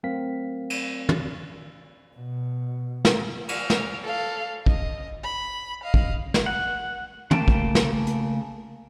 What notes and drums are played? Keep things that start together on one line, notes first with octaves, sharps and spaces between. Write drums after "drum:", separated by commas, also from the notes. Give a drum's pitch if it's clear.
F#3 A3 C4 A#4 F5 B6
drum: cymbal
drum: tom
B2
drum: snare
F6, drum: cymbal
drum: snare
A4 F5
D#5, drum: kick
B5
D#5 F5
drum: kick
drum: snare
F#5
C#3 A3 A#3 G5 A5, drum: tom
drum: kick
drum: snare
drum: hi-hat